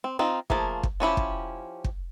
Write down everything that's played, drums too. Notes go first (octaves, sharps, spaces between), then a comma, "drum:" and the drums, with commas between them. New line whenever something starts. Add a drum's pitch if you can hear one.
C4
C4 D#4 F4
F3 A3 A#3 G#4, drum: kick
drum: kick
F3 C#4 E4 G4
drum: kick
drum: kick